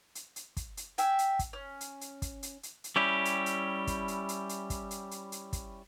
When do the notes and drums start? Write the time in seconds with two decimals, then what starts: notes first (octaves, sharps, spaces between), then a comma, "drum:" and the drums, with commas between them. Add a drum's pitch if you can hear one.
0.15 drum: hi-hat
0.36 drum: hi-hat
0.57 drum: kick, hi-hat
0.77 drum: hi-hat
0.98 E5 G5 G#5, drum: hi-hat
1.19 drum: hi-hat
1.39 drum: kick, hi-hat
1.53 C#4
1.81 drum: hi-hat
2.01 drum: hi-hat
2.22 drum: kick, hi-hat
2.43 drum: hi-hat
2.63 drum: hi-hat
2.84 drum: hi-hat
2.96 G3 C#4 E4 G4
3.25 drum: hi-hat
3.46 drum: hi-hat
3.87 drum: kick, hi-hat
4.08 drum: hi-hat
4.29 drum: hi-hat
4.49 drum: hi-hat
4.70 drum: kick, hi-hat
4.91 drum: hi-hat
5.11 drum: hi-hat
5.32 drum: hi-hat
5.53 drum: kick, hi-hat